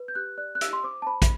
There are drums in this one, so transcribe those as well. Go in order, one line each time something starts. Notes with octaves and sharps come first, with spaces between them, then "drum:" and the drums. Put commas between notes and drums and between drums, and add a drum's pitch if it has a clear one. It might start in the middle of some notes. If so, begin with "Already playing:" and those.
Already playing: B4
G6
G4 F#6
D5 F#6
F#6
G4 E6, drum: hi-hat
C6
C5 D6
A5
C5 B5
drum: kick, hi-hat